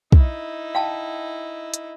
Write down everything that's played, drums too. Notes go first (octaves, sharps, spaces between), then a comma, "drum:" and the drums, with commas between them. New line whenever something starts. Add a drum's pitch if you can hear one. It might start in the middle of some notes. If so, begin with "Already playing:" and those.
D#4 E4, drum: kick
F5 G5 A5
drum: hi-hat